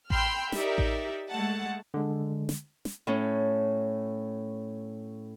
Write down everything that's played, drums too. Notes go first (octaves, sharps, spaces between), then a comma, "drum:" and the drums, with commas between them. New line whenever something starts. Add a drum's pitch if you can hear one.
G5 B5 C6 E6 F6 G6, drum: kick A1
D#4 G4 A#4 D5 E5, drum: snare
drum: kick A1
G#3 A3 F#5 A5
D3 G#3
drum: snare
drum: snare
A2 C#4